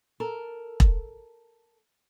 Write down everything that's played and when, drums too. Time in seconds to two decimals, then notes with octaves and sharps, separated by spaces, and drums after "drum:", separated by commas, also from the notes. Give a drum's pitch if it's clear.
0.20 A4 A#4
0.80 drum: kick E1